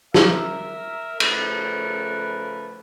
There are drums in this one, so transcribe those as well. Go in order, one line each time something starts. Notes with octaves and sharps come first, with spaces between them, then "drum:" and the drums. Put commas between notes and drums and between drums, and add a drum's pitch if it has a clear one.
A#4 E5, drum: snare
C#3 F3 A3 A#4 B4, drum: cymbal